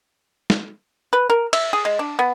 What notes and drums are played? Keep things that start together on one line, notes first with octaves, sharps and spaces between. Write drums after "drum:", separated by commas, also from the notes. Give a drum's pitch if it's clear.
drum: snare
B4
A#4
E5, drum: cymbal
G#4
G#3
D4
B3